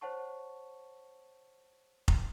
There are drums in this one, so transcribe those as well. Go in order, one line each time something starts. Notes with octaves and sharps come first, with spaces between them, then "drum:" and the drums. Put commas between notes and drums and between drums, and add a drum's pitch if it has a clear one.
C5 C#5 F#5 A5 C#6
drum: kick F1